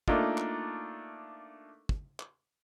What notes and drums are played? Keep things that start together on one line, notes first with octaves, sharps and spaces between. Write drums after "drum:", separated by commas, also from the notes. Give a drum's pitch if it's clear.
A3 A#3 D4 D#4 F4, drum: kick
drum: clap
drum: kick
drum: clap